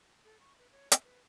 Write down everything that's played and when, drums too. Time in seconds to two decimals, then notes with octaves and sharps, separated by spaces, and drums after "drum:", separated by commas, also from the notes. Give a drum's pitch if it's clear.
0.25 A4
0.40 C#6
0.59 B4
0.72 C#5
0.92 E5, drum: hi-hat
1.04 B4